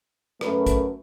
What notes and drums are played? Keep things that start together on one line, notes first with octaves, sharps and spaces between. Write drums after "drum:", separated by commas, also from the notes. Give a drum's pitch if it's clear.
F#2 A3 A#4 B4, drum: rim click
drum: kick A1, hi-hat